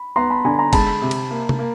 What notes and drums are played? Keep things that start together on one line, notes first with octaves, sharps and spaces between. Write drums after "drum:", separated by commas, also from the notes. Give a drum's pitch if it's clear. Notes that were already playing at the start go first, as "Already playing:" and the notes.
Already playing: B5
B3 A#5 C6
A5 B5
D3 G#5 A#5
A#5 C6
G#3 A5 B5, drum: kick, cymbal
C3
drum: cymbal
A#3
drum: tom C3
A#3